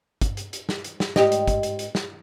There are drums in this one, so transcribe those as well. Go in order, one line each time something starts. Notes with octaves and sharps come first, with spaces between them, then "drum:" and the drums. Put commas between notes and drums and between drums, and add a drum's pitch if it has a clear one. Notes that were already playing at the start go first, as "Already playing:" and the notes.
drum: kick, hi-hat
drum: hi-hat
drum: hi-hat
drum: snare
drum: hi-hat
drum: snare
G#2 G4 D#5, drum: snare
drum: hi-hat
drum: kick, hi-hat
drum: hi-hat
drum: hi-hat
drum: snare